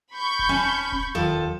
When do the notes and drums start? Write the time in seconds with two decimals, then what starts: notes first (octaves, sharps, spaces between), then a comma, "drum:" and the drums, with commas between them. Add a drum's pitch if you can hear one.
0.13 B5 C#6 G6
0.39 drum: kick D#1
0.49 C#4 A5
0.92 drum: kick D#1
1.15 D#2 F3 A4